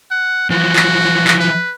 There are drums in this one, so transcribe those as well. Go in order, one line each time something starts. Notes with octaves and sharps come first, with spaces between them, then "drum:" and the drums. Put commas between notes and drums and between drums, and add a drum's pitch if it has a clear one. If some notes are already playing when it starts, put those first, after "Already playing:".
F#5
E3 F3 F#4
drum: clap
drum: clap
B4